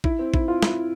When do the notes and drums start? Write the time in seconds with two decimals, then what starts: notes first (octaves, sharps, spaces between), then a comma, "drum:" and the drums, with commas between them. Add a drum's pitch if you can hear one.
0.04 E4, drum: kick A1
0.19 C4
0.34 E4, drum: kick A1
0.48 F4
0.63 E4, drum: snare